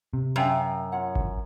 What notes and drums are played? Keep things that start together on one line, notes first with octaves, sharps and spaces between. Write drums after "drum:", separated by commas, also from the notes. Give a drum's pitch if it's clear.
C3
F#2 F5 G5 G#5
F4 C#5 F#5
drum: kick G#1